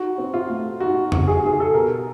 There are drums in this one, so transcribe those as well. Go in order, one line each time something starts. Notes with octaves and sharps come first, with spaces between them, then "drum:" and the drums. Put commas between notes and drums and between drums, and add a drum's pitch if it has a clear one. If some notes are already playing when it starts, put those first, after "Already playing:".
Already playing: D#4 F#4
C4
F4
A3
D#4 F#4
D#4, drum: tom
G#4
D#4 G#4
A4
B2 A#4